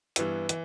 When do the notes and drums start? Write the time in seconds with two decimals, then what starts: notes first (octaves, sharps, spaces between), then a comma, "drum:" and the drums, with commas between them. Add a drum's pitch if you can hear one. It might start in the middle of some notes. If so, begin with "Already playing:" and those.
0.16 G2 E3 B3 E4, drum: hi-hat
0.49 E3, drum: hi-hat